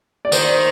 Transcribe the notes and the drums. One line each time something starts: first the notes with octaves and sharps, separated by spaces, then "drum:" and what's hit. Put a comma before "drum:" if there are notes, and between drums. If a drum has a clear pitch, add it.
D5
D#3 C5, drum: tambourine